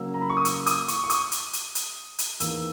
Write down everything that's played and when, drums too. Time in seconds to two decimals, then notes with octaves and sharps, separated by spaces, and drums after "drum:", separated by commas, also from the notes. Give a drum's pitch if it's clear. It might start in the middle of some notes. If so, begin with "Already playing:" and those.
Already playing: C#3 F#3 A#3 E6
0.14 A#5
0.21 B5
0.29 C#6
0.37 D#6
0.45 E6, drum: hi-hat
0.66 D#6, drum: hi-hat
0.88 C#6, drum: hi-hat
1.04 C#6
1.10 D#6, drum: hi-hat
1.32 drum: hi-hat
1.53 drum: hi-hat
1.75 drum: hi-hat
2.18 drum: hi-hat
2.40 E2 D#3 A#3 E6, drum: hi-hat